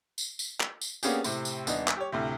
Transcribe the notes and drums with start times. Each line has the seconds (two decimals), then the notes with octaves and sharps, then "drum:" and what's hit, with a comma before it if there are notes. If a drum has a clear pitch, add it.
0.18 drum: tambourine
0.39 drum: tambourine
0.60 drum: clap
0.81 drum: tambourine
1.03 A#3 B3 C#4 D4 G4 G#4, drum: tambourine
1.24 A2 C3 C4, drum: tambourine
1.45 drum: tambourine
1.67 D#1 B3 D4 D#4, drum: tambourine
1.88 drum: clap
1.97 G4 C#5
2.12 D2 A2 C3